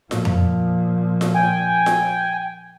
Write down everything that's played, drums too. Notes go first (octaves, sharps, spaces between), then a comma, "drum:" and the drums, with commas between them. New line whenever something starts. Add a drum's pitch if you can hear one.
A#2 F3, drum: snare F4
drum: tom F2
drum: snare F4
G5 G#5
drum: snare F4